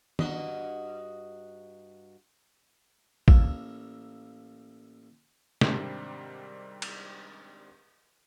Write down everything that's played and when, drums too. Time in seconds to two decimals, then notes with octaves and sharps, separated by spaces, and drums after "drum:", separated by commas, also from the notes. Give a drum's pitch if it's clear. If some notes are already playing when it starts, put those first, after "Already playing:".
0.19 G2 F#4 D#5, drum: tom D#3
3.28 A1 A#3 A4, drum: kick A1
5.61 G#2 C3 D#3 G3 C4 D4, drum: snare
6.82 drum: cymbal